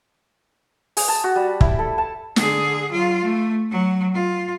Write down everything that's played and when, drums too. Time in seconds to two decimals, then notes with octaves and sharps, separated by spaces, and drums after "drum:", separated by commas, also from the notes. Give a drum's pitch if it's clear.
0.97 G#4, drum: open hi-hat
1.08 A5
1.24 F#4
1.36 G3
1.61 E4, drum: kick
1.79 A4
1.98 A5
2.36 D3 G#4, drum: snare
2.91 F#3 F4
3.22 A3
3.71 F#3
4.14 F4